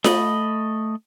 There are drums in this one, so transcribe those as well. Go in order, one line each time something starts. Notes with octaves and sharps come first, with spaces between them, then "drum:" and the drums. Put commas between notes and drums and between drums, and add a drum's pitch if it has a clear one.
A3 D#5 B5, drum: snare F4